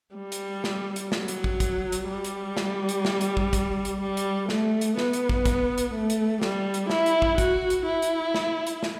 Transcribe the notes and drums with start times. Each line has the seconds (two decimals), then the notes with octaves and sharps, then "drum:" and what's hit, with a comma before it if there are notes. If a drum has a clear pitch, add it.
0.16 G3
0.32 drum: hi-hat
0.64 drum: snare
0.96 drum: hi-hat
1.12 F#3, drum: snare
1.28 drum: hi-hat
1.44 drum: kick
1.60 drum: kick, hi-hat
1.92 drum: hi-hat
2.09 G3
2.24 drum: hi-hat
2.57 drum: snare
2.89 drum: hi-hat
3.05 drum: snare
3.21 drum: hi-hat
3.37 drum: kick
3.53 drum: kick, hi-hat
3.85 drum: hi-hat
4.01 G3
4.17 drum: hi-hat
4.49 A3, drum: snare
4.81 drum: hi-hat
4.98 B3, drum: snare
5.13 drum: hi-hat
5.29 drum: kick
5.46 drum: kick, hi-hat
5.78 drum: hi-hat
5.94 A3
6.10 drum: hi-hat
6.42 G3, drum: snare
6.74 drum: hi-hat
6.90 E4, drum: snare
7.06 drum: hi-hat
7.22 drum: kick
7.38 F#4, drum: kick, hi-hat
7.70 drum: hi-hat
7.86 E4
8.02 drum: hi-hat
8.34 drum: snare
8.67 drum: hi-hat
8.83 drum: snare